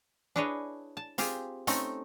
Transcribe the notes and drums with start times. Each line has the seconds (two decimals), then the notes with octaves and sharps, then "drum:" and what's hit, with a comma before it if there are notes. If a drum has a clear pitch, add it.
0.36 D4 E4 G#4 B4 C#5 D#5
0.97 A5
1.18 C4 F4 G4 G#4, drum: hi-hat
1.67 A3 C4 C#4 D#4 A4, drum: hi-hat